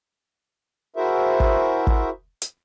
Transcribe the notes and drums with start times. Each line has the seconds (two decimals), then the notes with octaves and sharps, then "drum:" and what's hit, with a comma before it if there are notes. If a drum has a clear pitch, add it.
0.96 E4 F#4 G#4 A#4 C5 E5
1.40 drum: kick
1.87 drum: kick
2.42 drum: hi-hat